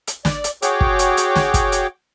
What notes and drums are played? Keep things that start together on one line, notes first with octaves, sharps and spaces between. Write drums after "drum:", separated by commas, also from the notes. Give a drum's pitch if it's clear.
drum: hi-hat
D5, drum: snare
drum: hi-hat
F#4 G#4 C#5 G5 D6, drum: hi-hat
drum: kick
drum: hi-hat
drum: hi-hat
drum: snare
drum: kick, hi-hat
drum: hi-hat